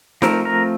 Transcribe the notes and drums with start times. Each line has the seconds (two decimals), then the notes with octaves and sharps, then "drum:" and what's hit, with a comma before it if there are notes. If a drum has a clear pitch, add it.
0.22 F3 A3 C4 A#4, drum: snare D#4
0.45 A#4